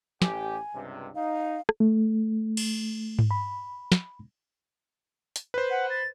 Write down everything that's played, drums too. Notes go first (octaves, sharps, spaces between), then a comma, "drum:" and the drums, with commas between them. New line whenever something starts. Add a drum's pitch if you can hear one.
A1 G4 G#5, drum: snare
C#2 G2 C3
D#4 F5
drum: rim click
A3
drum: cymbal
drum: tom G#2
B5
drum: snare
drum: hi-hat
B4 C5
F#5
A6